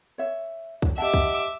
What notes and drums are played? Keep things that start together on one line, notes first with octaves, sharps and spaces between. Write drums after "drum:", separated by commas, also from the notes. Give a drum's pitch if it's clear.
C#5 E5
drum: kick
G4 D#5 E5 F#5 A5 D6
drum: kick